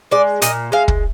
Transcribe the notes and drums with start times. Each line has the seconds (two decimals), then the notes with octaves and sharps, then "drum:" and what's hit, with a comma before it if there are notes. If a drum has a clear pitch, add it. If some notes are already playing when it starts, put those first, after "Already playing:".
0.11 G#3 D5
0.42 A#2 D#5, drum: hi-hat
0.72 G#3 F5
0.88 drum: kick